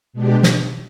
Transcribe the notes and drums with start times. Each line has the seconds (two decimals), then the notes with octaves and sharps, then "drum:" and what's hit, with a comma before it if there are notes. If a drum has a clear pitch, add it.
0.13 B2 G#3 D4 G4
0.43 drum: snare